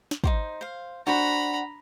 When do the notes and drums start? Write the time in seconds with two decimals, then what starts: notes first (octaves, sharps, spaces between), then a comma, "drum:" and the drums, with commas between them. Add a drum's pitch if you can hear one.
0.11 drum: snare
0.24 D#4 F#4 C5, drum: kick
0.61 C5 F5
1.07 D4 F#4 C5 F#5 A#5 B5